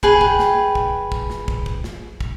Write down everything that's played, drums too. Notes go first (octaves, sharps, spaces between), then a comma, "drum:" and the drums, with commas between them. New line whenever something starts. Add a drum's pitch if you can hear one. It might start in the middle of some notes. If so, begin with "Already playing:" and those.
G#4 B4 G5, drum: kick
drum: kick
drum: snare
drum: kick
drum: kick
drum: snare
drum: kick
drum: kick
drum: snare
drum: kick